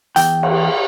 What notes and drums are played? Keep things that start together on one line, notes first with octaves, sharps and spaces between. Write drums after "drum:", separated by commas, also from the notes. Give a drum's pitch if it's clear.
E2 G5, drum: hi-hat
drum: cymbal